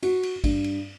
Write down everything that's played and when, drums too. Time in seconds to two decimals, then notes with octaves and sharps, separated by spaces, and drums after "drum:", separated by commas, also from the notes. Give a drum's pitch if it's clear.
0.03 F#4, drum: cymbal
0.23 drum: cymbal
0.44 G2, drum: kick G#1, cymbal
0.64 drum: cymbal